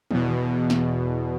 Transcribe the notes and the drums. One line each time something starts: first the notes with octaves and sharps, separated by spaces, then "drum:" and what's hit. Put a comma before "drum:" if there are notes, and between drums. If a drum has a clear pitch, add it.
E2 B2, drum: tom
drum: snare